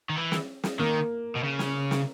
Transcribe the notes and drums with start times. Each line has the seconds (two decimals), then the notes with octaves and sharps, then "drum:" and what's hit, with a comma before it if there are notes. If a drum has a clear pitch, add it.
0.09 D#3
0.16 E3
0.32 drum: snare
0.64 drum: snare
0.80 D#3 A#3
1.35 B2
1.43 C#3
1.59 drum: snare
1.91 drum: snare